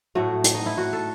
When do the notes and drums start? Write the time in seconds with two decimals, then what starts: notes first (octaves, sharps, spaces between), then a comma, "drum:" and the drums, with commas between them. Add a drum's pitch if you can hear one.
0.15 A2 F#3 A3 F#4
0.44 drum: hi-hat
0.54 D#4
0.66 E4
0.77 F#4
0.93 A4